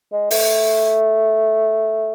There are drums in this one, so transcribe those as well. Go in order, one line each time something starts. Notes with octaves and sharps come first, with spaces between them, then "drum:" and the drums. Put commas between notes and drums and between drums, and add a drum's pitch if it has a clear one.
G#3
A3, drum: open hi-hat